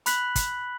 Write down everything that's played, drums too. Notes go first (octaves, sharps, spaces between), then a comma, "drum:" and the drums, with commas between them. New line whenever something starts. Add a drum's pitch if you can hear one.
B5 F#6 B6 F#7, drum: hi-hat
drum: kick, hi-hat